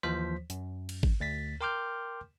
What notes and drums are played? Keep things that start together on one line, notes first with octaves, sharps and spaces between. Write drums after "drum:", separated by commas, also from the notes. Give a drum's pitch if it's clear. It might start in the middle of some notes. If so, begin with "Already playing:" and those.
D#2 E3 F3 C5 B6
F#2, drum: hi-hat
drum: cymbal
drum: kick G#1
D2 A6 B6
A#4 G5 C6 D6 F6 G6